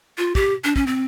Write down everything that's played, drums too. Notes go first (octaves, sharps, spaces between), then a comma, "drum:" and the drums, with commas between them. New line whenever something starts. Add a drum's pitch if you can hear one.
F4
G4, drum: kick
D4
C#4, drum: kick
C4